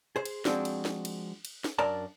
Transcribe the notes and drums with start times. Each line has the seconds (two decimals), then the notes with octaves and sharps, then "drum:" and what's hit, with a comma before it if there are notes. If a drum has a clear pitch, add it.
0.16 G#4 C5
0.25 drum: cymbal
0.45 F3 G#3 C4 D4 F#4, drum: snare
0.65 drum: cymbal
0.85 drum: snare
1.05 drum: cymbal
1.45 drum: cymbal
1.64 drum: snare
1.79 F#2 D4 A#4 D5 A5 A#5